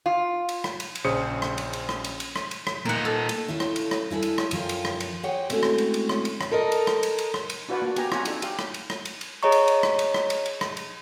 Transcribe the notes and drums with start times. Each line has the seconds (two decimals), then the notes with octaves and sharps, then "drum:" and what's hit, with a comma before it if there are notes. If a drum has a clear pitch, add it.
0.06 F4
0.49 drum: cymbal
0.64 drum: rim click
0.80 drum: cymbal
0.95 drum: cymbal
1.05 A#1 C#3 G#4 C5 D#6 C#7
1.42 drum: rim click
1.58 drum: cymbal
1.73 drum: cymbal
1.89 drum: rim click
2.04 drum: cymbal
2.20 drum: cymbal
2.36 drum: rim click
2.51 drum: cymbal
2.67 drum: rim click
2.85 A#2 D#4 A#4 F#5
3.05 A4
3.29 drum: cymbal
3.48 C#4 E4 F4 A4
3.60 drum: rim click
3.76 drum: cymbal
3.91 drum: rim click
4.10 G3 E4 G#4 A4
4.22 drum: cymbal
4.38 drum: rim click
4.51 F#2 F3 F4 G5, drum: cymbal
4.69 drum: cymbal
4.85 drum: rim click
5.00 drum: cymbal
5.23 G4 G#4 C5 C#5 F#5 G5
5.50 G#3 A3 C4 C#4 E4 F#4, drum: cymbal
5.63 drum: rim click
5.78 drum: cymbal
5.94 drum: cymbal
6.09 drum: rim click
6.25 drum: cymbal
6.41 drum: rim click
6.51 A4 A#4 D#5
6.72 drum: cymbal
6.87 drum: rim click
7.03 drum: cymbal
7.18 drum: cymbal
7.34 drum: rim click
7.50 drum: cymbal
7.69 D4 F4 F#4 B4 D5 F#5
7.82 A#3 F#4
7.96 B3 G4 G#5 A#5, drum: cymbal
8.12 C4 F4 C#5 F#5 G#5 A#5, drum: rim click
8.25 D4 D#4 A4, drum: cymbal
8.42 G4 F5, drum: cymbal
8.59 drum: rim click
8.74 drum: cymbal
8.90 drum: rim click
9.05 drum: cymbal
9.21 drum: cymbal
9.43 G#4 C#5 D#5 A#5 C#6
9.52 drum: cymbal
9.68 drum: cymbal
9.83 drum: rim click
9.99 drum: cymbal
10.14 drum: rim click
10.30 drum: cymbal
10.46 drum: cymbal
10.61 drum: rim click
10.77 drum: cymbal